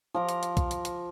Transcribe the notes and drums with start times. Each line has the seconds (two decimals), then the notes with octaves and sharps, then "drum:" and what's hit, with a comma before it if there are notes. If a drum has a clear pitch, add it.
0.14 F3 A#5 D6
0.29 drum: hi-hat
0.43 drum: hi-hat
0.57 drum: kick, hi-hat
0.71 drum: hi-hat
0.85 drum: hi-hat